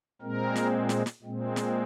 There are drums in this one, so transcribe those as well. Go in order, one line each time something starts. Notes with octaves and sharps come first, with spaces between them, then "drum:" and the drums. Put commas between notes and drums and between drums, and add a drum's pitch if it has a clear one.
A#2 G#3 C4 A#4
drum: snare
drum: snare
drum: snare
A#2 G#3 C4
drum: snare